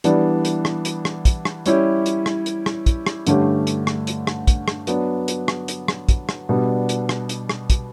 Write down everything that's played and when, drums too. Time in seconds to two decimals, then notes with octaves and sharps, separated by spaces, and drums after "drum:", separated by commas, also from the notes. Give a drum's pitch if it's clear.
0.04 E3 G3 B3 D4, drum: hi-hat
0.45 drum: hi-hat
0.65 drum: rim click
0.85 drum: hi-hat
1.05 drum: rim click
1.25 drum: kick, hi-hat
1.45 drum: rim click
1.66 G3 C#4 E4 G4, drum: hi-hat
2.06 drum: hi-hat
2.26 drum: rim click
2.46 drum: hi-hat
2.66 drum: rim click
2.86 drum: kick, hi-hat
3.07 drum: rim click
3.27 G2 D3 A3 C#4 G4, drum: hi-hat
3.67 drum: hi-hat
3.87 drum: rim click
4.07 drum: hi-hat
4.27 drum: rim click
4.47 drum: kick, hi-hat
4.68 drum: rim click
4.87 F#3 B3 D4, drum: hi-hat
5.28 drum: hi-hat
5.48 drum: rim click
5.68 drum: hi-hat
5.88 drum: rim click
6.09 drum: kick, hi-hat
6.29 drum: rim click
6.49 B2 G3 B3 D4
6.89 drum: hi-hat
7.09 drum: rim click
7.29 drum: hi-hat
7.49 drum: rim click
7.70 drum: kick, hi-hat